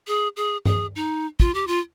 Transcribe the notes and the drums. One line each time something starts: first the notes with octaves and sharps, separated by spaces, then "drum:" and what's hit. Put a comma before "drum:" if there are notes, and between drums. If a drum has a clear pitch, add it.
G#4
G#4
G#4, drum: tom G2
D#4
F4, drum: kick
G4
F4